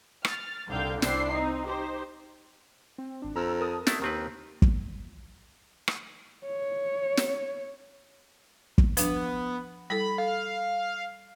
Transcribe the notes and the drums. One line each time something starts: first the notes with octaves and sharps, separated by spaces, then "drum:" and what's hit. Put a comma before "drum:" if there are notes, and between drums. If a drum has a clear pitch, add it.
F6 A6, drum: rim click
C2 D3 D#4 F5 G5 G6
C2 D4 E4 C5 G5 C7, drum: snare
C4 D#4
D#4 G4 C5
C4
G#1 D4
F2 A#5 E6 F6
A#4 A5 D#6
A3 D4 E4, drum: snare
D#2 D#3 C4 B4
drum: kick
drum: rim click
C#5
drum: snare
drum: kick
F3 B3 D4, drum: hi-hat
G3 E4 A4 B5
A4 F5